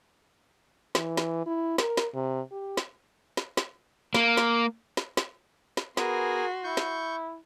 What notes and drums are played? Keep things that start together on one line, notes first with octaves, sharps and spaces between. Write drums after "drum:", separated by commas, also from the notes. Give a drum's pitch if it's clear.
E3, drum: snare
drum: snare
E4
A#4, drum: snare
drum: snare
C3
G4
drum: snare
drum: snare
drum: snare
A#3, drum: snare
drum: snare
drum: snare
drum: snare
drum: snare
B3 F#4 G#4 A#4 G#5 C6, drum: snare
E4 C#6 G6
drum: snare